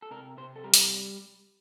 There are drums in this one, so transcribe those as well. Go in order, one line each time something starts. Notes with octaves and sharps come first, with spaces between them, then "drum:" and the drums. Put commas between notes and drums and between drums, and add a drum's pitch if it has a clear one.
A4
C3 A#4
C3 C5
A4
G3 A#4
drum: open hi-hat